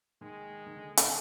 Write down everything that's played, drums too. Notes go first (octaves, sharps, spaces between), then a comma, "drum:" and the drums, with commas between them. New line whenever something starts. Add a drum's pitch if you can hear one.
D#3 G#3
D#3
D3
D3, drum: hi-hat
D#3